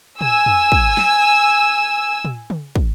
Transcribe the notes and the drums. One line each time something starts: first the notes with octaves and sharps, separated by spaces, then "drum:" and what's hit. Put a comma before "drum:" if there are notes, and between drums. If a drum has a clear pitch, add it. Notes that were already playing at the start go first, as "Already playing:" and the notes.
G#5 E6, drum: tom
drum: tom
drum: kick
drum: snare
drum: tom
drum: tom
drum: kick